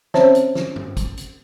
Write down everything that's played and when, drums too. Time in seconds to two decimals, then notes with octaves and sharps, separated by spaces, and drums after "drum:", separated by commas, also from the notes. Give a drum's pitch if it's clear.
0.14 C4 C#4 C5 C#5 E5 A5, drum: snare
0.35 drum: hi-hat
0.55 drum: snare
0.76 drum: tom G2
0.97 drum: kick, hi-hat
1.17 drum: hi-hat